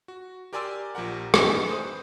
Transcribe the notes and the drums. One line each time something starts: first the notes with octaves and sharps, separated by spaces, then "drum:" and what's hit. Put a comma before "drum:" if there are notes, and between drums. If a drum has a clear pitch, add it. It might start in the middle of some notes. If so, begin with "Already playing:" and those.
F#4
G4 A#4 D5 G#5 C6 E6
A#1 F3 G4 A#4 F#5
C4 D4 D#4 G#4 B4, drum: rim click
B4 C5 D#6